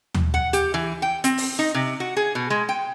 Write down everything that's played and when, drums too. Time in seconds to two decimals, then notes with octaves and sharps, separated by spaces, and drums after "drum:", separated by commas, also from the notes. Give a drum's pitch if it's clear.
0.14 drum: tom D#2
0.34 F#5
0.53 G4, drum: hi-hat
0.74 E3
1.02 G5
1.24 C4, drum: hi-hat
1.38 drum: open hi-hat
1.59 D#4
1.74 C3
2.00 F#4
2.17 G#4
2.35 B2
2.50 G#3
2.69 G5